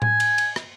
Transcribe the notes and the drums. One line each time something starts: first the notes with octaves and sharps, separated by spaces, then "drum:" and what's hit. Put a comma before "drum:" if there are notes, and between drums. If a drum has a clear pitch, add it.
G#5, drum: tom A2
drum: cymbal
drum: cymbal
drum: rim click